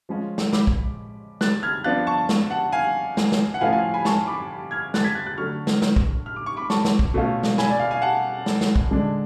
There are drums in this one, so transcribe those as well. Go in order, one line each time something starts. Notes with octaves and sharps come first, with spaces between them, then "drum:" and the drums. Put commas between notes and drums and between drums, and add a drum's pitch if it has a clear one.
F3 G#3 C#4 F4
drum: snare
B5 D6, drum: snare
drum: kick
F#6 A6, drum: snare
F6 G#6
F3 B3 D4 F4 F#6 A6
A5 C#6
drum: snare
F#5 A5
F5 G#5
drum: snare
drum: snare
F#5
A2 F3 A3 C#4 F4 F5 G#5
F5 G#5
G#5 B5
A5 C#6, drum: snare
B5 D6
F6 G#6
F#6 A6, drum: snare
G#6 B6
F#6 A6
F#6 A6
D3 F#3 A3 C#6 F6
drum: snare
drum: snare
drum: kick
F6
D6
C#6
B5 D6
A5 C#6, drum: snare
drum: snare
drum: kick
B2 A3 C#4 F4
drum: snare
G#5 B5, drum: snare
D5
F5
F5 G#5
F#5 A5
drum: snare
drum: snare
drum: kick
D3 G#3 D4